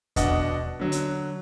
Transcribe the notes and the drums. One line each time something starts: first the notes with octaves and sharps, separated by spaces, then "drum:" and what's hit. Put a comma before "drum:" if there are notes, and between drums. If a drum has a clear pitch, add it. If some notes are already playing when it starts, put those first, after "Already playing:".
B2 D4 D5 D#5 F#5, drum: kick E2, hi-hat
D3 F#3
drum: hi-hat